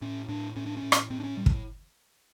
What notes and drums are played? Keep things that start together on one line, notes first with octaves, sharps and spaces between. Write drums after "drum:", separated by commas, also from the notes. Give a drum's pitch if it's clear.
A2 C#4
A2 D4
A2 C#4
D4
C#4
A2
drum: rim click
A2 C4
D4
C#4
A2 G3
drum: kick